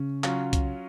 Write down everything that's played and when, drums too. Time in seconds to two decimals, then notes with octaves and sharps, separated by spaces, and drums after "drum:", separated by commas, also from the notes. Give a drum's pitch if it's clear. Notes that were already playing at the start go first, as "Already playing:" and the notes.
Already playing: C#3 C#4
0.24 F#3 C#4 F4, drum: clap
0.53 drum: kick C2, hi-hat